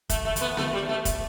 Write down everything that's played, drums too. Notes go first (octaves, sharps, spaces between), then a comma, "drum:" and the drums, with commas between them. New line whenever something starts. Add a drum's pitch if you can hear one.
A3, drum: kick, hi-hat
A3
A3, drum: hi-hat
B3
A3, drum: snare B3
G3
A3
drum: kick, hi-hat